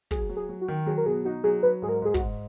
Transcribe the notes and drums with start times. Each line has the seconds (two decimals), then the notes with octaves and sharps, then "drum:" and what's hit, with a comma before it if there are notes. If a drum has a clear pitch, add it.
0.11 F#3 G#4, drum: kick, hi-hat
0.29 F#3
0.36 G#4
0.49 F#3
0.61 F#4
0.68 D#3
0.86 F#3 G#4
0.98 A#4
1.06 B2 G#4
1.25 D#4 F#4
1.44 F#3 G#4
1.63 F#3 B4
1.82 G#2 G#4
1.89 A#4
2.02 G#2 G#4
2.14 F#4, drum: kick, hi-hat
2.20 G#2